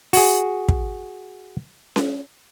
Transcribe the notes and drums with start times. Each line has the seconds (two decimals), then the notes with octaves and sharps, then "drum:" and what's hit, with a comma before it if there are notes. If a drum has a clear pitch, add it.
0.13 F#4 G#4, drum: open hi-hat
0.69 drum: kick
1.96 drum: snare C#4